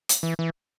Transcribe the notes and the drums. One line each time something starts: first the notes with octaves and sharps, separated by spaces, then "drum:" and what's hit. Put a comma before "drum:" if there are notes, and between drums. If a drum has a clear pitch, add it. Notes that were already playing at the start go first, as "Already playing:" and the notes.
drum: hi-hat
E3
E3